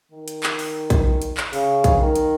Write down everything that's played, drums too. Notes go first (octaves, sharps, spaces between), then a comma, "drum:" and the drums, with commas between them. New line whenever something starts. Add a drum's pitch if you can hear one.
D#3
drum: hi-hat
drum: clap
drum: open hi-hat
drum: kick A#1, hi-hat
drum: hi-hat
drum: clap
C#3, drum: open hi-hat
drum: kick A#1, hi-hat
D#3
drum: hi-hat